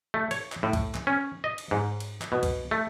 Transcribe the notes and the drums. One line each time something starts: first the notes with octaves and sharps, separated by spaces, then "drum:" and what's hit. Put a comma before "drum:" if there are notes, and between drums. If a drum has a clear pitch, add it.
A3
C#5, drum: cymbal
drum: clap
A2
drum: kick C#2, cymbal
drum: clap
C#4
D#5
drum: cymbal
G#2
drum: cymbal
drum: clap
B2
drum: kick C#2, cymbal
A3